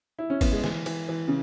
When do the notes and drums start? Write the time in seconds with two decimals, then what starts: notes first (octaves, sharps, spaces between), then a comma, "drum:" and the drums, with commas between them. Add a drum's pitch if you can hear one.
0.19 E4
0.30 C#4
0.41 B3, drum: kick, cymbal
0.52 G#3
0.64 E3, drum: snare
0.86 E3, drum: cymbal
1.09 E3
1.28 C#3